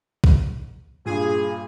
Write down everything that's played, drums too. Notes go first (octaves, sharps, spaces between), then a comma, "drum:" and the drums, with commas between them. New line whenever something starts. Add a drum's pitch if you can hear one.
drum: kick
G2 A#2 G#4